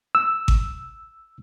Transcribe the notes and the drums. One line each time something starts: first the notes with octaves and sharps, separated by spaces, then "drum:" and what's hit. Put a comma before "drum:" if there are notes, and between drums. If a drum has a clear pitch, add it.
E6
drum: kick G#1